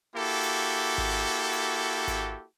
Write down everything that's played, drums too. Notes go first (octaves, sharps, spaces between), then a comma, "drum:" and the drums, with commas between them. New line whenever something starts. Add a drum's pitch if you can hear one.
A#3 E4 F#4 G4 A4
drum: hi-hat
drum: kick G#1
drum: hi-hat
drum: kick G#1, hi-hat